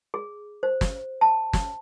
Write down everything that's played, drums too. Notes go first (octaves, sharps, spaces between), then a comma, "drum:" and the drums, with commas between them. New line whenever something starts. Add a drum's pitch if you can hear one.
G#4
C5
drum: snare
A5
drum: snare